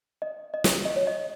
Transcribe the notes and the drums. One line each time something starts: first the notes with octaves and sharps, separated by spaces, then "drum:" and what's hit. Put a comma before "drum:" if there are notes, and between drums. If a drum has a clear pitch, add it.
D#5
D#5
drum: snare
D#5
C#5
D#5